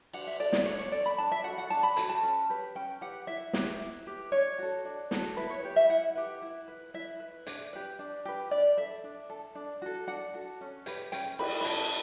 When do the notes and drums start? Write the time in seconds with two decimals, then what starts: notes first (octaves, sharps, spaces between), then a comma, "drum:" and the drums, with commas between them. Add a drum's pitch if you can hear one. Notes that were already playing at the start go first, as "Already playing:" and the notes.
0.13 D4 F#5, drum: cymbal
0.27 E5
0.40 A4 D5
0.53 D5, drum: snare
0.66 D4 C#5
0.79 C#5
0.92 A4 D5
1.06 B5
1.18 D4 A5
1.32 E5
1.44 F#4 A4 F#5
1.58 F#5
1.70 D4 A5
1.83 B5
1.96 F#4 A4 A5, drum: hi-hat
2.10 A5
2.23 C#4
2.49 G4 B4
2.75 C#4 G5
3.01 G4 B4 F#5
3.27 E4 E5
3.53 G4 B4, drum: snare
3.80 E4
4.06 G4 B4
4.32 D4 C#5
4.59 F#4 A4
4.85 D4
5.11 F#4 A4, drum: snare
5.37 E4 B4
5.50 C#5
5.63 G4 B4
5.76 E5
5.89 E4 F#5
6.15 G4 B4
6.42 E4
6.68 B4
6.94 E4 E5
7.20 B4
7.47 D4, drum: hi-hat
7.73 G4 B4
7.99 D4
8.25 G4 B4
8.51 D4 D5
8.77 A4 E5
9.04 D4
9.30 A4
9.55 D4
9.82 F#4 A4
10.07 D4 F#5
10.34 F#4 A4
10.61 C#4
10.86 G4 B4, drum: hi-hat
11.12 C#4 G5, drum: hi-hat
11.39 G4 B4 B5, drum: cymbal
11.61 B5
11.65 C#4 A5, drum: hi-hat